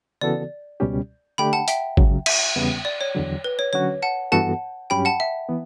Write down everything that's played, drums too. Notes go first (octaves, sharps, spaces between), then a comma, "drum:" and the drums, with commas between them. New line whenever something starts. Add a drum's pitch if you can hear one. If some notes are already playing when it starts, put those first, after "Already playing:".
C#3 E3 B3 F#4 A4 D5
C#2 B2 G3 C#4 G4
D3 A3 D4 G4 G5 B5
F#5 A5
E5 G5, drum: hi-hat
C#2 C#3 F#3, drum: kick G#1
E5, drum: cymbal
E2 C#3 G3 B3
D5
C#5
E2 D3 F#3
B4
C#5
D3 F#3 C#4 F#4 C#5
F#5 A5
G2 E3 B3 F#4 A4 F#5 A5
G2 F#3 C#4 G4 G5 B5
F#5 A5
E5
E3 B3